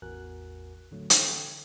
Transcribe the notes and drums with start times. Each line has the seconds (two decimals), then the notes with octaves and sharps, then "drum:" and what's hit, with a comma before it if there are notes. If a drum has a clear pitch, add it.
0.02 A1 E2 F#4 A#4 G#5 F#6
0.91 A2 D3 F#3 A3
1.10 D3 E3 D4 A4 G5, drum: hi-hat